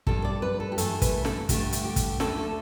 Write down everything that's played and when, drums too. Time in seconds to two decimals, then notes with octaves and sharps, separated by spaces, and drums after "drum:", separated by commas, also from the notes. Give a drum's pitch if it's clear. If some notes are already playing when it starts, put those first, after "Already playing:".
0.07 G2 G3 A4, drum: kick
0.25 D5
0.42 B4
0.60 A4
0.72 G4
0.78 G2 E3 A3 A4, drum: hi-hat
1.02 B4, drum: kick, hi-hat
1.25 A4, drum: snare
1.49 G2 D3 A3 G4, drum: kick, hi-hat
1.72 drum: hi-hat
1.84 G4
1.96 drum: kick, hi-hat
2.20 D2 D3 A3 A4, drum: snare
2.37 A4